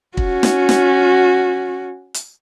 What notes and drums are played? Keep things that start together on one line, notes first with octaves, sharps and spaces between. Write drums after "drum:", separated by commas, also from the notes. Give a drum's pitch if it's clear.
C#4 F#4, drum: kick
drum: snare
drum: snare
drum: hi-hat